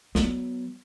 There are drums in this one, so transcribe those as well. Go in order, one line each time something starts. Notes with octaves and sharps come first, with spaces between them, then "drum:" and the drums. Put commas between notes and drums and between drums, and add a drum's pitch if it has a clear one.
F#3 B3, drum: snare